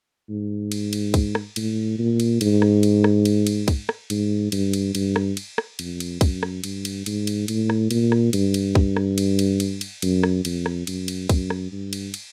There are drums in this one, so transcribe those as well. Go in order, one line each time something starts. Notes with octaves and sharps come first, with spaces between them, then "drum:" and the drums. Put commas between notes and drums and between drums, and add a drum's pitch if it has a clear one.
G#2
drum: cymbal
drum: cymbal
drum: kick, cymbal
drum: rim click
A2, drum: cymbal
A#2
drum: cymbal
G#2, drum: cymbal
drum: rim click
drum: cymbal
drum: rim click
drum: cymbal
drum: cymbal
drum: kick, cymbal
drum: rim click
G#2, drum: cymbal
G2, drum: cymbal
drum: cymbal
G2, drum: cymbal
drum: rim click
drum: cymbal
drum: rim click
F2, drum: cymbal
drum: cymbal
F#2, drum: kick, cymbal
drum: rim click
G2, drum: cymbal
drum: cymbal
G#2, drum: cymbal
drum: cymbal
A2, drum: cymbal
drum: rim click
A#2, drum: cymbal
drum: rim click
G2, drum: cymbal
drum: cymbal
drum: kick
drum: rim click
drum: cymbal
drum: cymbal
drum: cymbal
drum: cymbal
F#2, drum: cymbal
drum: rim click
F2, drum: cymbal
drum: rim click
F#2, drum: cymbal
drum: cymbal
F#2, drum: kick, cymbal
drum: rim click
G2
drum: cymbal
drum: cymbal